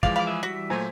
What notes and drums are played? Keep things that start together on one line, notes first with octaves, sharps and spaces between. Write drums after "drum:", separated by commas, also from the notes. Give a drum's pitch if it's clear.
E3 F3 G#3 D5 F5, drum: kick
F5 B5 D6
G#4 B4 E5
E3 G3 F#4 E5 B6
A#2 F#3 A3 C5 G#5 A#5